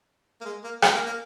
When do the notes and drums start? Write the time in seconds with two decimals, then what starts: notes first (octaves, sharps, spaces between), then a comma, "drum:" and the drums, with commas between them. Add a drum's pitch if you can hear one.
0.41 A#3
0.45 G#3
0.64 A#3
0.82 C#4, drum: rim click
0.94 A#3
1.06 A#3